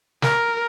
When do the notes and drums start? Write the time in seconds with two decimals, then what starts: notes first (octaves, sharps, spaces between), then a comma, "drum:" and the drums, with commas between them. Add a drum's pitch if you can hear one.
0.22 A#4, drum: snare